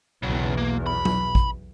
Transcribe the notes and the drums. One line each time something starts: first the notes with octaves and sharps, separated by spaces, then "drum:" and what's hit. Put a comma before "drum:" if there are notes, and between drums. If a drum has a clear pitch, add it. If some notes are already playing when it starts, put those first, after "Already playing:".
B1 E2 C#3 F#3
A#3
B5
drum: tom
drum: kick A1